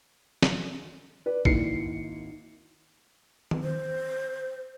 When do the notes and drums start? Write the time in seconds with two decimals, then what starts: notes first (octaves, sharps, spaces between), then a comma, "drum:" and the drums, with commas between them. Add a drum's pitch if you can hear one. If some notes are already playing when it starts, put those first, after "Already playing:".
0.43 drum: snare
1.26 B4 D5
1.45 G#1 D#3 A#3 E4 C7 C#7, drum: kick A#1
3.51 drum: tom D#3
3.63 C5